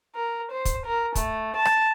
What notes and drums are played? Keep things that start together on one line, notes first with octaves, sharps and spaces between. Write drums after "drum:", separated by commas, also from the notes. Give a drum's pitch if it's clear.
A#4
C5
drum: kick, hi-hat
A#4
A3, drum: kick, hi-hat
A5
drum: rim click